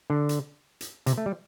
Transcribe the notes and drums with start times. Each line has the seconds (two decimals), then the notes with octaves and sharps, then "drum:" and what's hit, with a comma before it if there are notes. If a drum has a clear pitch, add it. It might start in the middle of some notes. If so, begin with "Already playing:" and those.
0.10 D3
0.29 drum: hi-hat
0.81 drum: hi-hat
1.06 C3, drum: hi-hat
1.18 A3
1.26 G3